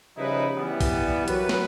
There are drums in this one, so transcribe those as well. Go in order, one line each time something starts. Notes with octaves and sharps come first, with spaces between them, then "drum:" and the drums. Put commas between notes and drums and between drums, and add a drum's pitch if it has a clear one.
C#3 F3 G3 D#4 E4 B4
E3 G3 B3
drum: kick, open hi-hat
F#3 F#4 A#4 B4, drum: hi-hat
drum: snare